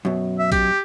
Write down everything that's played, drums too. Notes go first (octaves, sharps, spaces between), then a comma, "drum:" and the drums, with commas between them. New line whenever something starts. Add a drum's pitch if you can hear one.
F#2 B2
E5
G4, drum: kick, hi-hat